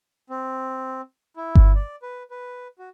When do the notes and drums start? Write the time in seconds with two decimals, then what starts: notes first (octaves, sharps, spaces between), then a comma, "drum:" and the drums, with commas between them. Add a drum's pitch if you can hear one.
0.30 C4
1.37 E4
1.55 drum: kick G1
1.75 D5
2.02 B4
2.31 B4
2.79 F#4